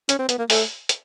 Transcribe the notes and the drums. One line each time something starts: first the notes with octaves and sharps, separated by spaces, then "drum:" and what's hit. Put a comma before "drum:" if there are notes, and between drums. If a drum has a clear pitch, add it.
C#4, drum: hi-hat
C4
B3, drum: hi-hat
A#3
A3, drum: open hi-hat
drum: hi-hat